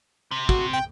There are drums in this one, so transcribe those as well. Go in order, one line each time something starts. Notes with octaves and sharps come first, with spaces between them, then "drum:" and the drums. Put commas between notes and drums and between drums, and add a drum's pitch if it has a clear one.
C3
F#4, drum: kick
G5